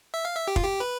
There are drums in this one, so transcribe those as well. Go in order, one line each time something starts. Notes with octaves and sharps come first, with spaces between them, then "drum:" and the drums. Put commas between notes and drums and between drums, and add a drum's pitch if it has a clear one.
E5
F5
E5
G4
F4, drum: kick
G4
B4